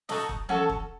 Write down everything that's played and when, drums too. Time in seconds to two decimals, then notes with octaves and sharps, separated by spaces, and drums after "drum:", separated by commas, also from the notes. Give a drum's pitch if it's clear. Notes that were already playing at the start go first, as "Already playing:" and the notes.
0.09 D#4 F#4 A4 D#5, drum: snare
0.29 drum: kick
0.49 C#4 F#4 A4, drum: tom E3
0.69 drum: kick